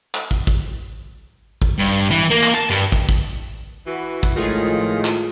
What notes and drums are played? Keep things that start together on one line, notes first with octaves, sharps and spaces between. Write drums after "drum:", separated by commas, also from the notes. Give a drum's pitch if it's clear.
drum: clap
drum: kick
drum: kick
drum: kick
G2
E3
A#3
drum: clap
A5
G2
drum: kick
drum: kick
E3 F#4 B4
drum: kick
A2 D#3 F3 G#3 F4 G#4
drum: clap